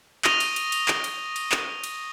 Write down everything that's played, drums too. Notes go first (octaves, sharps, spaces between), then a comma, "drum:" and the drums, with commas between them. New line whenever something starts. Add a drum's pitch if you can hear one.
C#6 D#6 A#6 D#7 F7 G7, drum: clap
drum: cymbal
drum: cymbal
drum: cymbal
drum: clap
drum: cymbal
drum: cymbal
drum: clap
drum: cymbal